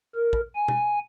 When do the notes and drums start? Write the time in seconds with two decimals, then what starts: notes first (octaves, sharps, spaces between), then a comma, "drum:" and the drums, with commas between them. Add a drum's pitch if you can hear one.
0.15 A#4
0.33 drum: kick
0.55 G#5
0.68 drum: tom